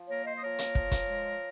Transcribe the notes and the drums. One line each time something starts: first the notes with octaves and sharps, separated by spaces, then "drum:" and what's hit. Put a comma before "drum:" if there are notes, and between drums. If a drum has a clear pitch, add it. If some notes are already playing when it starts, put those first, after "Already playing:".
Already playing: F3
A#3 A#4 C#5
C5 D#5
D#5
F3 A#4 C#5
drum: hi-hat
F3, drum: kick
drum: kick, hi-hat
G#3